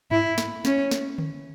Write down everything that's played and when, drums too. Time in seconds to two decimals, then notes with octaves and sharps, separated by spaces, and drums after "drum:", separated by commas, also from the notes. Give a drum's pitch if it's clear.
0.11 E4, drum: tom G2
0.38 drum: snare
0.65 C#4, drum: snare
0.91 drum: snare
1.18 drum: tom D3